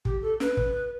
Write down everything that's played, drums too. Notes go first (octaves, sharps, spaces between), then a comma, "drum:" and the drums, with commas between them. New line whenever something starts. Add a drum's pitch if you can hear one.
G4, drum: kick
A4
B4, drum: snare
drum: kick